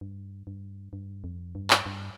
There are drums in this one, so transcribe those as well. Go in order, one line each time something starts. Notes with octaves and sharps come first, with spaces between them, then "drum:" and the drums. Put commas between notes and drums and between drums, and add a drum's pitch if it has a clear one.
G2
G2
G2
F2
G2
drum: clap
G2